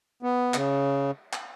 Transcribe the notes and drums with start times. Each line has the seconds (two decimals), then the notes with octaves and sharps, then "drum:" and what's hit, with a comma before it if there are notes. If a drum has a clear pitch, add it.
0.23 B3
0.54 C#3, drum: clap
1.33 drum: clap